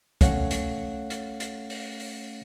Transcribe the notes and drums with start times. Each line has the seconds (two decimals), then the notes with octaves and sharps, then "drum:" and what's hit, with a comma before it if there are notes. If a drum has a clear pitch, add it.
0.21 A3 C#4 C#5 F5 F#5, drum: kick, hi-hat
0.51 drum: hi-hat
1.10 drum: hi-hat
1.40 drum: hi-hat
1.70 drum: open hi-hat
2.00 drum: open hi-hat